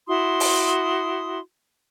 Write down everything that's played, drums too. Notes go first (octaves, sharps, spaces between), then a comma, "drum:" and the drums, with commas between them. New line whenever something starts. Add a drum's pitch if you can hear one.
E4 F#4 C6 D#6
drum: open hi-hat